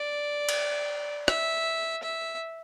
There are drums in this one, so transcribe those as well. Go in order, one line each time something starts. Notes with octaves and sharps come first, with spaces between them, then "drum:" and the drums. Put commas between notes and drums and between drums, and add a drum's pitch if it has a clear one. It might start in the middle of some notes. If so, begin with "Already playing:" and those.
Already playing: D5
drum: cymbal
E5, drum: rim click
E5